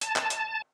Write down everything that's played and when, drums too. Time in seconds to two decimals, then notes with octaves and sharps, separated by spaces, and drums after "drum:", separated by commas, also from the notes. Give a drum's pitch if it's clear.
0.01 A5, drum: hi-hat
0.16 drum: clap
0.30 drum: hi-hat